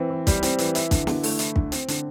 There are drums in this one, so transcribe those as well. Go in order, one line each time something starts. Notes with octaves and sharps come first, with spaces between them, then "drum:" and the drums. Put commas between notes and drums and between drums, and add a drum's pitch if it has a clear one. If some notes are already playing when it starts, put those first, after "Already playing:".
Already playing: E3 C4
E3
G3, drum: kick, hi-hat
C4, drum: hi-hat
E3, drum: hi-hat
E4, drum: hi-hat
D3, drum: kick, hi-hat
D3, drum: snare
A3, drum: open hi-hat
E4, drum: hi-hat
D3, drum: kick
C4, drum: hi-hat
D3, drum: hi-hat